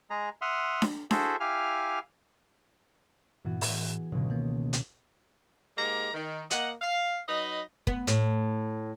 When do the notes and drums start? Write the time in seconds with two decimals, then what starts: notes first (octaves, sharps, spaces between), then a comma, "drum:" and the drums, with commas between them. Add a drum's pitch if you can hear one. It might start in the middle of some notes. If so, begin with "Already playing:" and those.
0.10 G#3 G#4 A#5
0.42 E5 F#5 C6 D#6 F6
0.82 drum: snare D4
1.11 E4 F#4 G#4 A4 C5 E5, drum: snare D4
1.40 E4 G4 F5 G#5 F6
3.45 G2 A#2 E3 B3 F#4
3.61 A2 G#4, drum: open hi-hat
4.12 C#2 G#2 B2 D3 F#3
4.30 D#3 A#3 B3
4.73 drum: hi-hat
5.78 G#2 G#3 A#3 G4 A#5
6.14 D#3
6.50 A#3 D#5 F#5, drum: hi-hat
6.82 F5
7.29 F#3 D#4 B4 D#5
7.87 B3, drum: kick
8.07 A2, drum: hi-hat